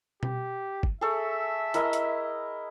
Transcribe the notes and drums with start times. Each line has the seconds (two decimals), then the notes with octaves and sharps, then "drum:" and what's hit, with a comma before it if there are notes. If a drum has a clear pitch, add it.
0.23 G4, drum: tom B2
0.83 drum: kick
1.01 G#4 A4 E5 C#6
1.74 E4 A#4 D#5, drum: hi-hat
1.93 drum: hi-hat